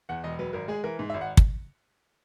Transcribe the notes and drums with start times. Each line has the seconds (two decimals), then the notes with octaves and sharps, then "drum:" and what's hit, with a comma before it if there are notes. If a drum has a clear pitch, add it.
0.09 E2 F#5
0.24 E1 D#5
0.39 F#3 B4
0.53 G#1 A#4
0.68 G#3 G#4
0.84 E3 A#4
0.99 G#2
1.10 E5
1.14 G#1
1.21 F#5
1.37 drum: kick